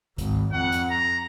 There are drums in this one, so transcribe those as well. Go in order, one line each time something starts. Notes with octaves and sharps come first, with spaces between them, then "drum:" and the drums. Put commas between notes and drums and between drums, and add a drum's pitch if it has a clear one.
G#1, drum: kick C#2, hi-hat
F2 F#5
drum: hi-hat
A#5